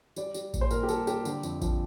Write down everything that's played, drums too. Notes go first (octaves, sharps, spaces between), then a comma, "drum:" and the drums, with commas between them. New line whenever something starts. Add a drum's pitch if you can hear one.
G3 D5, drum: tambourine
G3, drum: tambourine
A#2, drum: kick A1, tambourine
C5
A#2 A#4, drum: tambourine
G4
G3 A4, drum: tambourine
G3 G4, drum: tambourine
D3, drum: tambourine
F2, drum: tambourine
F3, drum: kick A1, tambourine